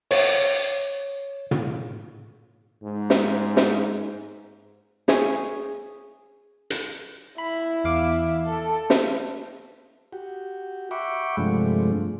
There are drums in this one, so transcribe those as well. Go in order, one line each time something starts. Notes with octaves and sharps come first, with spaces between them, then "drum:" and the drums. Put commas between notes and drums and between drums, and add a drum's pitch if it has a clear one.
C#5, drum: open hi-hat
drum: tom
G#2
drum: snare
drum: snare
C#4 G#4, drum: snare
drum: hi-hat
E4 B5
E2 F5 D6
A4
drum: snare
F#4 G4
E5 F#5 G5 B5 C#6 D6
G2 C3 F3 G#3 A3 D4